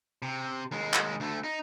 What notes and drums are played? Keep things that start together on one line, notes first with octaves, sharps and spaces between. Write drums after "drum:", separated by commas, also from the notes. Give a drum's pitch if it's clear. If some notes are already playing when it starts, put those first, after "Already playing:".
C3
D#2 G#3
drum: clap
D2 A3
D#4